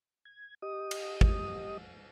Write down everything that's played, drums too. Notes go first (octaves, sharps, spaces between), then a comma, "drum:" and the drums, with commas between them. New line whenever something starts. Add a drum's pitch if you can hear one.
G#6
G4 D#5 D#6
drum: cymbal
drum: kick